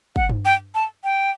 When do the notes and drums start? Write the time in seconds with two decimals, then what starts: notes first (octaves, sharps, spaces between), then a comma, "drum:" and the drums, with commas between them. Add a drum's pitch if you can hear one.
0.16 F#5, drum: kick
0.29 drum: tom G2
0.45 G5
0.75 A5
1.04 G5